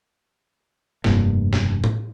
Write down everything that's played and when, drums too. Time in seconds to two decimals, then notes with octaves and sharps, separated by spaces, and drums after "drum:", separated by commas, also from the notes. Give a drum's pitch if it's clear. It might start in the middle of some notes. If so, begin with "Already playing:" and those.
1.04 F1 G2 A#3, drum: snare
1.53 drum: snare
1.84 drum: tom